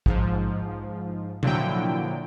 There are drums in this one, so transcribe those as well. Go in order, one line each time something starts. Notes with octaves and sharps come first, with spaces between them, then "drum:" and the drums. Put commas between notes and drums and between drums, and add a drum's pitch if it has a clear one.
G#2 F3, drum: kick
A#2 D3 F3 F#3 E4 G5, drum: tom